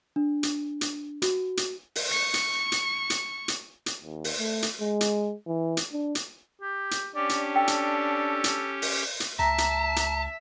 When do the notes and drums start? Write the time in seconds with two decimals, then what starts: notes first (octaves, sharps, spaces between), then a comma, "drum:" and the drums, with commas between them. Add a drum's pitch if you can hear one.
0.16 D4
0.43 drum: hi-hat
0.81 drum: hi-hat
1.22 F#4, drum: hi-hat
1.57 drum: hi-hat
1.95 drum: open hi-hat
2.10 C#6 C#7
2.34 drum: hi-hat
2.72 drum: hi-hat
3.10 drum: hi-hat
3.48 drum: hi-hat
3.86 drum: hi-hat
4.04 D#2
4.24 drum: open hi-hat
4.39 A3
4.62 drum: hi-hat
4.81 G#3
5.01 drum: hi-hat
5.47 E3
5.77 drum: hi-hat
5.93 D4
6.15 drum: hi-hat
6.61 G4
6.91 drum: hi-hat
7.15 C#4 D4 G4 D5
7.29 drum: hi-hat
7.56 A4 G5
7.68 drum: hi-hat
8.44 drum: hi-hat
8.82 drum: open hi-hat
9.20 drum: hi-hat
9.39 C#2 E5 A5 A#5
9.58 drum: hi-hat
9.96 drum: hi-hat